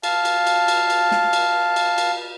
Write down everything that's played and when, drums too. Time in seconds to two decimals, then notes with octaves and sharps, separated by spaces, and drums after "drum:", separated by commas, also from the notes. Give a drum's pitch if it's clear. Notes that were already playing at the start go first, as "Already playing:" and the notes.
0.03 F5 A5, drum: cymbal
0.25 drum: cymbal
0.47 drum: cymbal
0.68 drum: cymbal
0.90 drum: cymbal
1.11 drum: snare
1.33 drum: cymbal
1.76 drum: cymbal
1.98 drum: cymbal